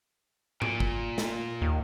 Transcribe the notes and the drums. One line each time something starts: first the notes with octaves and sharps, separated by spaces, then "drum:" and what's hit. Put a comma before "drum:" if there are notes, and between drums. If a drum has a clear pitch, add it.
A#2, drum: tom G#2
drum: kick
drum: snare
D#2